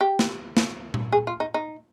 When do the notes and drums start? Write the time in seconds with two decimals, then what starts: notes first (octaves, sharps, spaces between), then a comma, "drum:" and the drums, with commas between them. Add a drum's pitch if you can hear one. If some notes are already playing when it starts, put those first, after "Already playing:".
0.01 G4
0.19 drum: snare
0.57 drum: snare
0.94 drum: tom A#2
1.12 G#4
1.27 F4
1.40 D#4
1.54 D#4